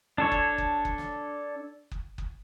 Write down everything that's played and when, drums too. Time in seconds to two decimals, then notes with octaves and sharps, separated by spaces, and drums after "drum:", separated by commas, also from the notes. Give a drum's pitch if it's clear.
0.18 D4 A4 C#5
0.32 drum: kick F#1
0.58 drum: kick F#1
0.85 drum: kick F#1
0.98 drum: snare
1.91 drum: kick F#1
2.18 drum: kick F#1